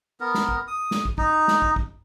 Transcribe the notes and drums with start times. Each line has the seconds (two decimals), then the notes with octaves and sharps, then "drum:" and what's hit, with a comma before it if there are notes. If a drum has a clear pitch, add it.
0.20 B3 A#4
0.34 drum: snare
0.49 drum: kick
0.67 D#6
0.91 drum: snare
1.05 drum: kick
1.18 D#4, drum: kick
1.48 drum: snare
1.62 drum: kick
1.76 drum: kick